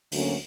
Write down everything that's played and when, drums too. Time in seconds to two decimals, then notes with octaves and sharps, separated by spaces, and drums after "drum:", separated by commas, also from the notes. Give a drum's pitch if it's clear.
0.12 D2 D3 F#3 A#3 C#4, drum: open hi-hat